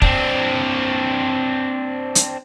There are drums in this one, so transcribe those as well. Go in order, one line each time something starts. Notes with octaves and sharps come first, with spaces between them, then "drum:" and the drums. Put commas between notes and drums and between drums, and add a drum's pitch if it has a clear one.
C4 D4, drum: kick
drum: hi-hat